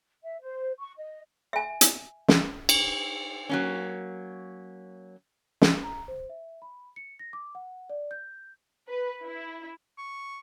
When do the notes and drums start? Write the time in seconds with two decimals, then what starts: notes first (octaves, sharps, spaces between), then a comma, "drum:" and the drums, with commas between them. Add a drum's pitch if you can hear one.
0.23 E5
0.41 C5
0.79 C#6
0.98 D#5
1.53 E5 G#5
1.81 drum: hi-hat
2.28 drum: snare
2.69 drum: cymbal
3.49 F#3 A#3 C#4
5.62 drum: snare
5.83 A#5
6.08 C5
6.29 E5
6.62 B5
6.96 C#7
7.19 A#6
7.33 D6
7.55 F#5
7.90 D5
8.11 G6
8.88 B4
9.24 E4
9.98 C#6